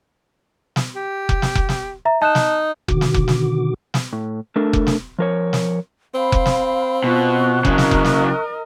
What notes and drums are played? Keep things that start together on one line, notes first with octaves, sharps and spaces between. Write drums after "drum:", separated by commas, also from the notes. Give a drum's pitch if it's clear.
drum: snare
G4
drum: kick F1
drum: snare
drum: kick F1
drum: snare
E5 A#5
D#4 A5 F#6 E7
drum: snare
B2 D3 D#3 F#4 D6, drum: kick F1
drum: snare
drum: kick F1
drum: snare
drum: snare
A2
A3 D4 A4 A#4
drum: kick F1
drum: snare
F3 A#4 C#5
drum: snare
C4 F5 B5
drum: kick F1
drum: snare
B2 B3 F4 C#6 F#6
C#3 F#3 A#4 D#5, drum: kick F1
drum: snare
drum: kick F1
drum: snare